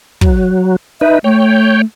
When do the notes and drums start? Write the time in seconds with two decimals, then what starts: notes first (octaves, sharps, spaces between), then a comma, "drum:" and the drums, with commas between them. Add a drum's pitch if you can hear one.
0.21 F#3, drum: kick
1.01 D#4 B4 E5
1.24 A3 C#5 G5